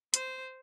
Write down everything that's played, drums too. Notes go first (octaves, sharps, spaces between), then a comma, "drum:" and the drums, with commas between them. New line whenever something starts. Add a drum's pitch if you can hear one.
C5, drum: hi-hat